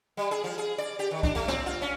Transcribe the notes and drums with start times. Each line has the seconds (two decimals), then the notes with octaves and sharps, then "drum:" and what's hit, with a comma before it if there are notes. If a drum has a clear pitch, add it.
0.17 G3
0.31 G#4
0.44 F3
0.58 G#4
0.78 D5
0.99 G4
1.11 D#3
1.23 D4, drum: kick C2
1.35 A3
1.48 C4, drum: snare
1.66 F4
1.82 C#4